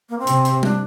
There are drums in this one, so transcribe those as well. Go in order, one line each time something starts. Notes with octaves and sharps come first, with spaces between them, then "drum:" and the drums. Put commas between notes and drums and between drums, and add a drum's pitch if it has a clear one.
A#3
C4
C3, drum: hi-hat
drum: hi-hat
D4, drum: tom G3